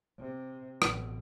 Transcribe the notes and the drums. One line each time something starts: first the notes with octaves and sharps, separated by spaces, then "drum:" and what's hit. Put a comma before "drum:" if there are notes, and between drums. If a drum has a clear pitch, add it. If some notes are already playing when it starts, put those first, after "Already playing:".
C3
A1 B2, drum: rim click